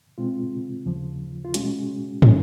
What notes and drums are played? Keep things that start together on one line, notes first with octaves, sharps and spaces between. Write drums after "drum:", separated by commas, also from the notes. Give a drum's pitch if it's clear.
B2 G#3 C4 F4
D#2 C#3 F3
F4
B2 G#3 C#4 F#4, drum: hi-hat
E3 G3 A#3 C#4, drum: tom